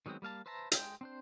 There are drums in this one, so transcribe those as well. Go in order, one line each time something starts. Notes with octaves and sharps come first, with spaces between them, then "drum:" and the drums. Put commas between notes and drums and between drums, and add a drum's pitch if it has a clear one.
D#3 F#3 G#3 B3 C4
G3 A#3 F5 A5
B4 C5 E5 A5 A#5
G#3 G5 G6, drum: hi-hat
C4 D4 C5